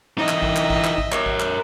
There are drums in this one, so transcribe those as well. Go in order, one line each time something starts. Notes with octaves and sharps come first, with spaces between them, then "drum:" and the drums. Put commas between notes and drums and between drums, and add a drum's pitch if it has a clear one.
E3 D#4 D#5 E5
drum: clap
drum: kick A1
drum: clap
drum: kick A1
drum: clap
drum: kick A1
A#4 C#5, drum: clap
drum: kick A1
drum: clap